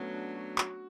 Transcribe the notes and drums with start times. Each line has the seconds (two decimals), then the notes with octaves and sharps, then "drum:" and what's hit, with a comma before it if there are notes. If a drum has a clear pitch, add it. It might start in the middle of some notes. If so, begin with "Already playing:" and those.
Already playing: F#3 A3 B3 C#4 D4
0.14 D4
0.36 F#4
0.58 F#4, drum: clap